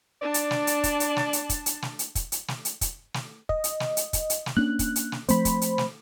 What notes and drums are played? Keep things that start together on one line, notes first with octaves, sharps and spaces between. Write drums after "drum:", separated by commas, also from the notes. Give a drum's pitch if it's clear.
D4 D5 A5
drum: hi-hat
drum: snare
drum: hi-hat
drum: kick, hi-hat
drum: hi-hat
drum: snare
drum: hi-hat
drum: kick, hi-hat
drum: hi-hat
drum: snare
drum: hi-hat
drum: kick, hi-hat
drum: hi-hat
drum: snare
drum: hi-hat
drum: kick, hi-hat
drum: snare
D#5, drum: kick
drum: hi-hat
drum: snare
drum: hi-hat
drum: kick, hi-hat
drum: hi-hat
drum: snare
A#3 C#4 D4 F#6
drum: kick, hi-hat
drum: hi-hat
drum: snare
F3 A3 C4 C5 B5, drum: hi-hat
drum: kick, hi-hat
drum: hi-hat
drum: snare